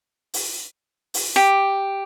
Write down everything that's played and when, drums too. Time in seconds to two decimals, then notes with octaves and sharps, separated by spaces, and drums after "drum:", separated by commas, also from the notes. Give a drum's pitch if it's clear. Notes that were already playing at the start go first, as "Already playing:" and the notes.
0.34 drum: open hi-hat
1.14 drum: open hi-hat
1.36 G4